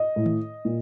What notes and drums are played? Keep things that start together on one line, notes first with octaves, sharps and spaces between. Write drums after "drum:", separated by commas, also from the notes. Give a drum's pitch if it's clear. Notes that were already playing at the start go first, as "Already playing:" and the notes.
Already playing: D#5
A2
drum: tom D#3
A#2